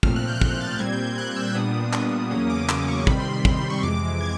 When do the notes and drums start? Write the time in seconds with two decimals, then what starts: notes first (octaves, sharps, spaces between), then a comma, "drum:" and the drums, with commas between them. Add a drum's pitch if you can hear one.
0.03 A#2 F3 A3 C4 F6, drum: kick
0.16 F#6
0.28 G6
0.36 F#6
0.41 G6, drum: kick
0.61 A6
0.79 A#2 G3 C4 G#6
0.92 G6
1.05 G6
1.18 F#6
1.36 E6
1.55 A#2 G3 B3 D4 D#6
1.93 drum: clap
2.30 E2 C#3 F#3 A#3 C#4 D#6
2.50 D6
2.69 D6, drum: clap
2.88 C#6
3.07 C3 D#3 G3 C4 B5, drum: kick
3.20 C6
3.32 B5
3.45 drum: kick
3.57 C6
3.70 C#6
3.83 F2 C3 E3 G#3 D6
4.21 G#6